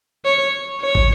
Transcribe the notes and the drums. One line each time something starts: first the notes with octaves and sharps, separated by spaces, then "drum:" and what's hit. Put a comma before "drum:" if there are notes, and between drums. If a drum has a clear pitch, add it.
C#5
C#5
drum: kick